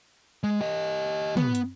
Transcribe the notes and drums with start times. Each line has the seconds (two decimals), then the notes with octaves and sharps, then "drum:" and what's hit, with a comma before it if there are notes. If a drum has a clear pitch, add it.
0.43 G#3
0.61 G4 D#5
1.37 B3, drum: tom
1.55 drum: hi-hat